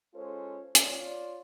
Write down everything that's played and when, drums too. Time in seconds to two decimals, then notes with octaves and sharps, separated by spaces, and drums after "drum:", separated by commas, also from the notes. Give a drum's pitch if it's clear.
0.14 G#3 C#4 F4 A4 C5 C#5
0.75 F4 C#5 D5, drum: hi-hat